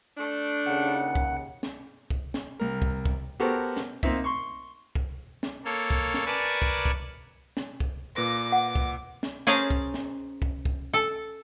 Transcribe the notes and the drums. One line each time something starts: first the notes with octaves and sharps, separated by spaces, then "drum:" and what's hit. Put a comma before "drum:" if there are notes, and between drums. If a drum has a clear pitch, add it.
A3 D4
D#2 C#3 F#5
drum: kick C2
drum: snare
drum: kick C2
drum: snare
C2 A#4
drum: kick C2
drum: kick C2
B3 F#4 G4 A4 A#4 C5
drum: snare
A#3 C4 D#4 E5, drum: kick C2
C6 C#6
drum: kick C2
drum: snare
A#3 A4 C#5
drum: kick C2
drum: snare
A#4 B4 D5 G#5 A5 C#6
drum: kick C2
drum: kick C2
drum: snare
drum: kick C2
A#2 B4 D6 A#6
F#5
drum: kick C2
drum: snare
C#4 G#4 A#4 C5 A5 A#5
drum: kick C2
drum: snare
drum: kick C2
drum: kick C2
A4